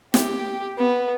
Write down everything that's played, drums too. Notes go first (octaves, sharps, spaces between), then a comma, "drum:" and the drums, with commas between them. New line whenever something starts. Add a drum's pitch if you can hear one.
G4, drum: snare
B3